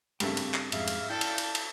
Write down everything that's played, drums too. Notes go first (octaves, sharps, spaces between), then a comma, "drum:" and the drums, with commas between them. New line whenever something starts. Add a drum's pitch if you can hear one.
G2 C#3 A3 C4 F5 G5, drum: cymbal
drum: cymbal
drum: clap
F2 G#2 G#4 E5 F5, drum: cymbal
drum: cymbal
E4 A4 D5 F5 G5
drum: cymbal
drum: cymbal
drum: cymbal